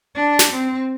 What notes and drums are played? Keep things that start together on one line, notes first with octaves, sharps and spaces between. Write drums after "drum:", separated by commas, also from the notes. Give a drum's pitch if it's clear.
D4
drum: snare
C4